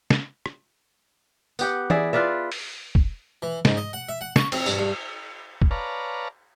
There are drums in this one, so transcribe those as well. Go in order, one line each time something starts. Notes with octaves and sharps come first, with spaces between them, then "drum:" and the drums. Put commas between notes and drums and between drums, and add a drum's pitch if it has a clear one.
drum: snare
drum: rim click
B3 G4 F#5, drum: tambourine
E4 G#4 D5 E5, drum: tom E3
F4 B4 D5 E5
drum: open hi-hat
drum: kick
E3
G#2, drum: snare
D#5
F#5
E5
F#5
C#6, drum: snare
C4, drum: cymbal
G2, drum: tambourine
G2
drum: kick
B4 C#5 D5 F5 A5 A#5